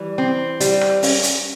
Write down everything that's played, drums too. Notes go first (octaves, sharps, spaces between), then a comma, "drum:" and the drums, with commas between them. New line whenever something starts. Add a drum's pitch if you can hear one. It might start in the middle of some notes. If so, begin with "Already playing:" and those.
Already playing: E3 G3
C4
G3, drum: hi-hat
drum: rim click
C#4, drum: open hi-hat
drum: hi-hat